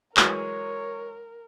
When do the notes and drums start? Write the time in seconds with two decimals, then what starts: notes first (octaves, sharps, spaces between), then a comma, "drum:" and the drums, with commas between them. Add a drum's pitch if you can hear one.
0.17 E3 F#3 G#3 A#4 C#5, drum: clap